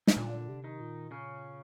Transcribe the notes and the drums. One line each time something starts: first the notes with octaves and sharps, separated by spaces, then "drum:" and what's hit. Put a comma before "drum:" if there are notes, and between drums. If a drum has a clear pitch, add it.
D#4, drum: snare
A#2 D3 D4
C3
D#3 D#4
A#2
C#3 C#4